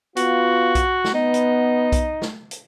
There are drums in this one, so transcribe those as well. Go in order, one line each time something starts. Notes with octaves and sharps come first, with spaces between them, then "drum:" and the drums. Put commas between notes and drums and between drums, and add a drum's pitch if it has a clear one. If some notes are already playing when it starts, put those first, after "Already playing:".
B3 F4 F#4, drum: hi-hat
drum: kick B1, hi-hat
drum: snare
B3 D#4
drum: hi-hat
drum: kick B1, hi-hat
drum: snare
drum: hi-hat